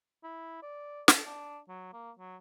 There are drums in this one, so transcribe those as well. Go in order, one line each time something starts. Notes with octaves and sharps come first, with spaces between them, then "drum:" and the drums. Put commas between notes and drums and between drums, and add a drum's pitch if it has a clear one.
E4
D5
A4, drum: snare
D4
F#3
A#3
F#3